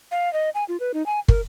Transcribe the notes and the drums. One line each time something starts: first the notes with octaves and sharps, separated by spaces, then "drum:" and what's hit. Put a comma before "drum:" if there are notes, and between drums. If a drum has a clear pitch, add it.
F5
D#5
G#5
F4
B4
D#4
G#5
A#4, drum: kick